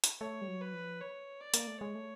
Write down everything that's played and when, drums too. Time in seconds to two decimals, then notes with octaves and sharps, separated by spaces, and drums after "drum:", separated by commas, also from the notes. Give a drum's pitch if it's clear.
0.04 drum: hi-hat
0.21 A3 C#5
0.42 G3
0.48 F#3
0.61 B4
0.74 F3
1.01 C#5
1.41 D5
1.54 A#3, drum: hi-hat
1.67 A3
1.80 G#3 C#5
1.95 A3